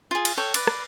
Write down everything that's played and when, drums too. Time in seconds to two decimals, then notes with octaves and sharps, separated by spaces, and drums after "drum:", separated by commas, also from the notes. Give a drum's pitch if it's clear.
0.11 F4 G#4
0.25 drum: cymbal
0.37 A4 C#5 G5
0.54 B4 D5, drum: cymbal
0.67 drum: rim click